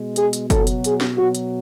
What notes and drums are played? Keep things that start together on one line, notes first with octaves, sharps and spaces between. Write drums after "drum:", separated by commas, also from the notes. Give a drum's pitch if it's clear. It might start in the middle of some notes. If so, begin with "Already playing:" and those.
Already playing: B2 G#3
G#4, drum: hi-hat
drum: hi-hat
B2 F#3 A4, drum: kick F#1, hi-hat
drum: hi-hat
G#4, drum: hi-hat
drum: snare
B2 F#3 F#4
drum: hi-hat